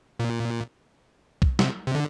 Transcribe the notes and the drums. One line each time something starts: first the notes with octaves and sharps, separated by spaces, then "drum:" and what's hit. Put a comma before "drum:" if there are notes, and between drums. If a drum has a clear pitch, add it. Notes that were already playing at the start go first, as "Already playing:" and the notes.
A#2
drum: kick
C3, drum: snare
C3
D3